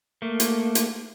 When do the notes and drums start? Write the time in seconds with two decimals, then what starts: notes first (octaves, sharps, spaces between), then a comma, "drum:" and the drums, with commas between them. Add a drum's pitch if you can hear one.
0.22 A3 A#3
0.40 drum: hi-hat
0.75 drum: hi-hat